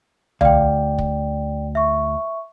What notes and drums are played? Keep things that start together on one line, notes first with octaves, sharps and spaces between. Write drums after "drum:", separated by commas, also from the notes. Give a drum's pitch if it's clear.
D2 D5 F5 G5, drum: tom C2
drum: kick
E5 C#6